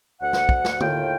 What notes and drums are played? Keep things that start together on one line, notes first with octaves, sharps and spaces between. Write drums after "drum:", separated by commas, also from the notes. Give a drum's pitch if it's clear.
D2 F#5
drum: snare
drum: kick
drum: snare
D#2 A2 F4 G5, drum: tom